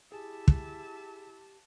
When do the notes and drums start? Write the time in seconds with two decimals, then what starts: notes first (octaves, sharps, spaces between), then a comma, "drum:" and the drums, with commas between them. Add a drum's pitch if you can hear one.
0.12 E4 G4 G#4 E5 A5
0.48 drum: kick